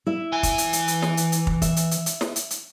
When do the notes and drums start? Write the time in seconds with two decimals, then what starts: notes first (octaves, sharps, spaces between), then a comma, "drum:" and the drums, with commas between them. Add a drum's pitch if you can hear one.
0.07 E4 E5
0.32 E3 G#5
0.43 drum: kick, hi-hat
0.58 drum: hi-hat
0.73 drum: hi-hat
0.88 drum: hi-hat
1.02 drum: snare
1.17 drum: hi-hat
1.32 drum: hi-hat
1.47 drum: kick
1.62 E5, drum: kick, hi-hat
1.76 drum: hi-hat
1.91 drum: hi-hat
2.06 drum: hi-hat
2.21 drum: snare
2.36 drum: hi-hat
2.50 drum: hi-hat